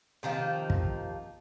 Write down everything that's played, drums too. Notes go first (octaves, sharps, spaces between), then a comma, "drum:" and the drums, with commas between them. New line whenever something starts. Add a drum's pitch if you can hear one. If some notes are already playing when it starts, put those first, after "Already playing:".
C3 D#3 F3 A#3
drum: kick